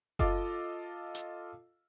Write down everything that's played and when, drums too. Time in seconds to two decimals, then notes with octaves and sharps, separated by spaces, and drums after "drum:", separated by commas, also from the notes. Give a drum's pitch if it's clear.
0.19 F4 A4 D#5 F5 D6, drum: kick F#1
1.15 drum: hi-hat